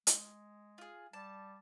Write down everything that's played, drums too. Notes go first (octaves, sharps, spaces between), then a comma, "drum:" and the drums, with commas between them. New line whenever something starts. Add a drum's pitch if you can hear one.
G#3, drum: hi-hat
F4 G#4
G3 A5